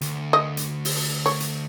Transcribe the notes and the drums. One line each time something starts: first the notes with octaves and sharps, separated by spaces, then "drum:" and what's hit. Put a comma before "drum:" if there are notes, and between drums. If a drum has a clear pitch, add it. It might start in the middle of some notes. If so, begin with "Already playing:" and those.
D2, drum: hi-hat
D#5
drum: hi-hat
drum: open hi-hat
C#5
drum: hi-hat